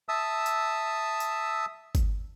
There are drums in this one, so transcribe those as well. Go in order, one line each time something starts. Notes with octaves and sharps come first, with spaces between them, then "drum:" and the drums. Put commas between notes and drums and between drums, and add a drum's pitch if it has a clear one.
E5 A5 D#6 E6
drum: tambourine
drum: tambourine
drum: kick G1, tambourine